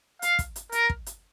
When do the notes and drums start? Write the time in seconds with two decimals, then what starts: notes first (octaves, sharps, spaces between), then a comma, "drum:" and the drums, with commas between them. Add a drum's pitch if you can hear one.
0.22 F5, drum: hi-hat
0.39 drum: kick, hi-hat
0.56 drum: hi-hat
0.72 A#4, drum: hi-hat
0.90 drum: kick
1.06 drum: hi-hat